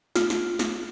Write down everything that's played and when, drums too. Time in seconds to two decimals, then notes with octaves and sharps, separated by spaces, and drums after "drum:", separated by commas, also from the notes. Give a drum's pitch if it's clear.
0.16 F4, drum: snare
0.30 drum: snare
0.59 drum: snare